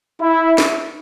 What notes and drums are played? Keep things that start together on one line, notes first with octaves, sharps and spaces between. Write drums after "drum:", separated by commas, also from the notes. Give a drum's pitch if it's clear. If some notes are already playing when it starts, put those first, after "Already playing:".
E4
drum: snare